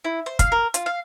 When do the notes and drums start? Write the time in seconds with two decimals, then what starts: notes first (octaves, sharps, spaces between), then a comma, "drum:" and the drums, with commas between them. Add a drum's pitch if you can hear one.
0.05 E4
0.26 C5
0.39 F5, drum: kick, hi-hat
0.52 A#4
0.74 F4, drum: hi-hat
0.86 F5